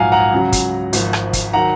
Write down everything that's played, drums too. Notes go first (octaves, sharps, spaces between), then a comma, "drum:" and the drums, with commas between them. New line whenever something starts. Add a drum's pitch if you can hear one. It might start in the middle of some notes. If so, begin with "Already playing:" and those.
Already playing: A#1 G#2 F#3 F5 F#5 G#5 A#5
F#5 A#5
C#2 C#3 F#3
drum: kick, hi-hat
G#1 G#2 F3, drum: hi-hat
drum: rim click
drum: kick, hi-hat
D#3 F#3 F#5 A#5